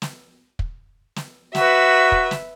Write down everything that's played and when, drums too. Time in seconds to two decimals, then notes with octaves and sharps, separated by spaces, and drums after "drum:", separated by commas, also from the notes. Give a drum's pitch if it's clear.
0.02 drum: snare
0.59 drum: kick
1.16 drum: snare
1.55 F#4 B4 E5, drum: snare
2.12 drum: kick
2.31 drum: snare